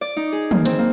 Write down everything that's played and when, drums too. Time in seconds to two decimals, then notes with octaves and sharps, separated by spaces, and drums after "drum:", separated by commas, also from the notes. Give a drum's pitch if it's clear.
0.01 D5
0.16 D#4
0.32 G#4
0.51 A#3, drum: tom
0.65 C4, drum: hi-hat
0.79 A#3